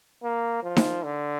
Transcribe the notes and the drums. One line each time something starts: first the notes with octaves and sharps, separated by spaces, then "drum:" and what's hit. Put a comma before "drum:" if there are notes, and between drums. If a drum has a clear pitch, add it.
A#3
F3
drum: snare D#4
D3